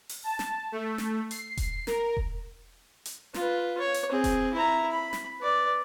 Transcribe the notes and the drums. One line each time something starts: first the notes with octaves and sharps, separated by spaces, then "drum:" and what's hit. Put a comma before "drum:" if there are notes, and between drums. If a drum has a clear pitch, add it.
drum: open hi-hat
A5
drum: snare
A3
drum: snare
C7, drum: hi-hat
drum: kick E1, hi-hat
A#4, drum: snare
drum: kick E1
drum: hi-hat
F4 B4, drum: snare
C#5
drum: hi-hat
C4 G#4
drum: kick E1, hi-hat
E4 A#5
B5
drum: snare
B4 D5